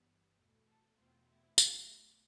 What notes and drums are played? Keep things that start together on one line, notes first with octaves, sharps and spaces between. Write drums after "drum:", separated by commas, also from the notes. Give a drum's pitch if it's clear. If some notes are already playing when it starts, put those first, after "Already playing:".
Already playing: G1 G2 E3 G3 B3
E2 B2 A3
A4
E2 B2 A3 C4 F4
E4
B1 B2 A3, drum: tambourine